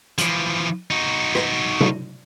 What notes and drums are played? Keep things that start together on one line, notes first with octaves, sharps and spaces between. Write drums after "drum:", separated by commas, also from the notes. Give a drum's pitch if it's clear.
E3 F3, drum: hi-hat
D#4 F#4
drum: rim click
drum: tom C3